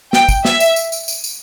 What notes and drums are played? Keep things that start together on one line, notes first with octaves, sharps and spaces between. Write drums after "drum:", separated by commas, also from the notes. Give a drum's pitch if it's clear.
G5, drum: snare
drum: kick, tambourine
E5, drum: snare
drum: tambourine
drum: tambourine
drum: tambourine
drum: tambourine
drum: tambourine